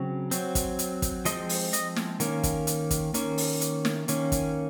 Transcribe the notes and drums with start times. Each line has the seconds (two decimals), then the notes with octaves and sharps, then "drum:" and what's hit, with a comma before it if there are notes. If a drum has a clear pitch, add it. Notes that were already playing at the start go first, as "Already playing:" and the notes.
Already playing: C#3 F#3 C4
0.31 F#3 C4, drum: hi-hat
0.55 drum: kick, hi-hat
0.79 drum: hi-hat
1.02 drum: kick, hi-hat
1.25 F3 G#3 C4 D#5, drum: hi-hat
1.49 drum: open hi-hat
1.73 D#5, drum: hi-hat
1.96 drum: snare
2.20 D#3 A#3 C#4, drum: hi-hat
2.43 drum: kick, hi-hat
2.67 drum: hi-hat
2.91 drum: kick, hi-hat
3.14 D#3 A#3 C#4, drum: hi-hat
3.38 drum: open hi-hat
3.61 drum: hi-hat
3.85 drum: snare
4.08 D#3 A#3 C#4, drum: hi-hat
4.32 drum: kick, hi-hat